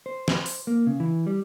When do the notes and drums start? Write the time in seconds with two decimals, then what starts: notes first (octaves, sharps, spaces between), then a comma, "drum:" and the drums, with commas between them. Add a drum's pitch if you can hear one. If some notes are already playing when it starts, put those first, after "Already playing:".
0.06 C5
0.28 drum: snare
0.46 drum: open hi-hat
0.67 A#3
0.87 C#3
1.00 E3
1.27 G3